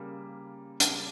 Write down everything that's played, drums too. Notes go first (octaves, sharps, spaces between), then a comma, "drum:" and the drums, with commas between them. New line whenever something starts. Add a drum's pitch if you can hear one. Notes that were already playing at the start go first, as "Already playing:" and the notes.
Already playing: C#3 G3 A#3
C#3 G3 A#3, drum: hi-hat